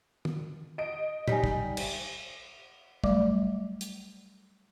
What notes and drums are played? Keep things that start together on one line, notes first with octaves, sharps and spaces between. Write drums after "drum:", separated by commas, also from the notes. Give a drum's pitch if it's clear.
drum: tom
D#5 D7
G3 D#4 G#5 B6, drum: tom
drum: kick
drum: cymbal
F#3 G3 A3 D5 D6, drum: kick
drum: hi-hat